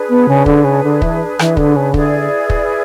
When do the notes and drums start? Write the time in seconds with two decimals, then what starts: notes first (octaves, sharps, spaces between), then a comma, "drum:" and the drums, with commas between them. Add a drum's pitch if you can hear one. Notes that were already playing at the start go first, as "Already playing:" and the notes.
Already playing: D4 G#4 B4
0.09 B3
0.28 C#3
0.46 D3, drum: kick
0.64 C#3
0.84 D3
1.02 E3, drum: kick
1.39 E3, drum: rim click
1.57 D3, drum: kick
1.76 C#3
1.94 D3 E4 G#4 B4 D5, drum: kick
2.50 drum: kick